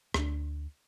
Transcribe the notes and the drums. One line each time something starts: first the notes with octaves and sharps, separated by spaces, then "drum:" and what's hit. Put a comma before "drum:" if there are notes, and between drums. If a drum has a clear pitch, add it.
D2 D4, drum: rim click